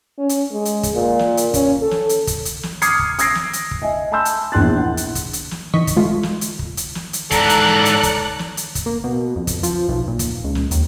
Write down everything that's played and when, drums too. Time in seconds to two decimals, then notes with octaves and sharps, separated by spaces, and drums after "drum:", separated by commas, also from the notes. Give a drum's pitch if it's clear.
0.18 C#4
0.29 drum: hi-hat
0.52 G#3
0.65 drum: hi-hat
0.83 drum: kick, hi-hat
0.94 A#2
1.19 drum: snare
1.37 drum: hi-hat
1.54 C#4, drum: kick, hi-hat
1.82 A4
1.91 drum: snare
2.09 drum: hi-hat
2.27 drum: kick, hi-hat
2.45 drum: hi-hat
2.63 drum: snare
2.82 D6 D#6 F6 G#6 C7 C#7, drum: hi-hat
2.99 drum: kick
3.19 D#6 E6 G#6 A#6 C7 D7, drum: hi-hat
3.35 drum: snare
3.53 drum: hi-hat
3.71 drum: kick
3.82 D#5 E5 G#5
4.12 G#5 A5 B5 C6 E6 G6
4.25 drum: hi-hat
4.52 A#1 E2 C6 F#6 A6
4.76 E4 F#5
4.97 drum: hi-hat
5.15 drum: kick, hi-hat
5.33 drum: hi-hat
5.51 drum: snare
5.74 D#3 E3 D#5 C#6 B6
5.87 drum: kick, hi-hat
5.97 G#3 A3 F4
6.23 drum: snare
6.41 drum: hi-hat
6.59 drum: kick
6.77 drum: hi-hat
6.95 drum: snare
7.13 drum: hi-hat
7.31 G#2 E3 A4 D5 A#5 F#6, drum: kick, hi-hat
7.49 drum: hi-hat
7.67 drum: snare
7.85 drum: hi-hat
8.03 drum: kick, hi-hat
8.39 drum: snare
8.57 drum: hi-hat
8.75 drum: kick, hi-hat
8.86 A#3
9.04 B2
9.36 F2
9.47 drum: kick, hi-hat
9.63 F3, drum: hi-hat
9.89 B1
10.08 A#2
10.19 drum: kick, hi-hat
10.44 C#2
10.55 drum: snare
10.71 D#2, drum: hi-hat